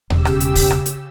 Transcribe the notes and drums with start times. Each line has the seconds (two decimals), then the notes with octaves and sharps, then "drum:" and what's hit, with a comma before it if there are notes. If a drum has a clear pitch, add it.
0.10 E1 C#3 G4 E6, drum: tom D#2
0.25 drum: rim click
0.40 drum: hi-hat
0.55 drum: kick, open hi-hat
0.71 drum: rim click
0.86 drum: hi-hat